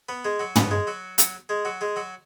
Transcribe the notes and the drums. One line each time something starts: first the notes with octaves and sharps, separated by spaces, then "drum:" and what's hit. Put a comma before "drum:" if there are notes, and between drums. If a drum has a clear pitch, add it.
B3 B4
G#3 G#4
F#3 F#4
B3 B4, drum: tom
G#3 G#4
F#3 F#4
F#3 F#4, drum: hi-hat
G#3 G#4
F#3 F#4
G#3 G#4
F#3 F#4